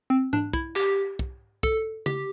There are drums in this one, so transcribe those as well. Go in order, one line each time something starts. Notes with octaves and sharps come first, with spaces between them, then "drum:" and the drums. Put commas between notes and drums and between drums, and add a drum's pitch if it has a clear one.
C4
D4, drum: tom G#2
E4, drum: kick
G4, drum: clap
drum: kick
A4, drum: kick
G4, drum: tom C#3